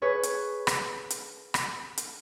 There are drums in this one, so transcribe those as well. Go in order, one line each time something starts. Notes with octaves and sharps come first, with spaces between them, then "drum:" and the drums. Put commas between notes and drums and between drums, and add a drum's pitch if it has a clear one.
G#4 B4 C#5
drum: hi-hat
drum: rim click
drum: hi-hat
drum: rim click
drum: hi-hat